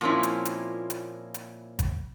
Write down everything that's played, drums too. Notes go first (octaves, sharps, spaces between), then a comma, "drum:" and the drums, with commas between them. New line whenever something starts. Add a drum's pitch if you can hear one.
A#2 F3 A#3 C4 C#4 E4
drum: hi-hat
drum: hi-hat
drum: hi-hat
drum: hi-hat
drum: kick G#1, hi-hat